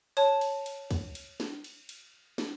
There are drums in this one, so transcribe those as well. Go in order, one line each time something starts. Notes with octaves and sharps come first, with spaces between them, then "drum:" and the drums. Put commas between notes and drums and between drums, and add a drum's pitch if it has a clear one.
C#5 A5, drum: cymbal
drum: cymbal
drum: cymbal
drum: kick, cymbal
drum: cymbal
drum: snare
drum: cymbal
drum: cymbal
drum: snare